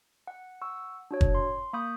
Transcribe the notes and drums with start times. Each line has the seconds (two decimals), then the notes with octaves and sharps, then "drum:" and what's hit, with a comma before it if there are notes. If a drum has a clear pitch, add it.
0.27 F#5
0.62 F#5 C#6 E6
1.11 D4 F#4 C#5
1.21 drum: kick
1.35 C6
1.73 A#3 B5 C#6 D#6 G6